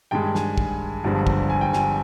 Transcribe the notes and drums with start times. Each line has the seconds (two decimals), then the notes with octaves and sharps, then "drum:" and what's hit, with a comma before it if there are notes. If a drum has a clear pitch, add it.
0.11 G2 D#3 G#3 G5
0.35 G#5, drum: snare
0.58 drum: kick
1.04 G1 G2 F3 G#3
1.27 drum: kick
1.50 G#5
1.61 G5
1.73 G#5, drum: snare